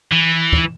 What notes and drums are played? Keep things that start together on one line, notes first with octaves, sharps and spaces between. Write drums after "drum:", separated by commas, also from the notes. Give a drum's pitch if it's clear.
E3
drum: kick